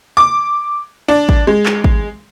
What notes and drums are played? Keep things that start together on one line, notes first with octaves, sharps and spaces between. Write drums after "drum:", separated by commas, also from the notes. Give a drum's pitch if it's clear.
D6
D4
drum: kick
G#3
drum: clap
drum: kick